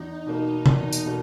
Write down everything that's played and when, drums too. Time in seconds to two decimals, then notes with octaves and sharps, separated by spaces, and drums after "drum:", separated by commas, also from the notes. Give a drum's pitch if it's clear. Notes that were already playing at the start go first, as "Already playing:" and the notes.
Already playing: E2 D#4
0.27 B2 A#3
0.66 E2 D#4, drum: tom
0.92 drum: tambourine
1.06 B2 A#3